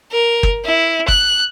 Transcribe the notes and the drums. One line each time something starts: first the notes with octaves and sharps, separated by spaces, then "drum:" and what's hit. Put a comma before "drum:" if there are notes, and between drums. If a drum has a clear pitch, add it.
A#4
drum: kick
E4
F#6, drum: kick